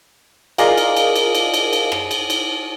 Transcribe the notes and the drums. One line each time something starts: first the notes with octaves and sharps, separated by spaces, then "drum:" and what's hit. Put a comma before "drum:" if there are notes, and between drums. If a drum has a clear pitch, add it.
F4 G#4 A#4 D5 D#5 F5, drum: cymbal
drum: cymbal
drum: cymbal
drum: cymbal
drum: cymbal
drum: cymbal
drum: cymbal
drum: rim click
drum: cymbal
drum: cymbal